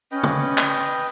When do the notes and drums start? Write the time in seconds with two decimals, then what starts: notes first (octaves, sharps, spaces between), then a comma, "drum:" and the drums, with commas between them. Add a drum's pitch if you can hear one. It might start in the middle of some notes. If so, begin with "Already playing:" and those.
0.12 C#4 B4 D#5 G5
0.23 drum: tom
0.58 drum: clap